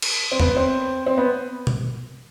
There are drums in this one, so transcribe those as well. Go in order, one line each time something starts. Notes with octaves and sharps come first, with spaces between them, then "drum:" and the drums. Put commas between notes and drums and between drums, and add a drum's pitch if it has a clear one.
drum: cymbal
C4
B3, drum: tom E2
C4
C4
B3
drum: tom B2